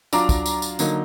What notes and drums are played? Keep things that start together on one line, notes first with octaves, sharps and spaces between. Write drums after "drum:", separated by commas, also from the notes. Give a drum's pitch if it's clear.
F#3 D4 F4 A#5 D6, drum: tambourine
drum: kick, tambourine
drum: tambourine
drum: tambourine
D3 F#3 A#3 D#4, drum: tambourine